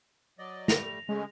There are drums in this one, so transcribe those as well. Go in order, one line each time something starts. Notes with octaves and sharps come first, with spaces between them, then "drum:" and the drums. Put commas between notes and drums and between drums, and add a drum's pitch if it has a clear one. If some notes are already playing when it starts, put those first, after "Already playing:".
F#3 D5 D#5
G3 A3 A#6 F7, drum: snare
C#3 G#3 A3 C#4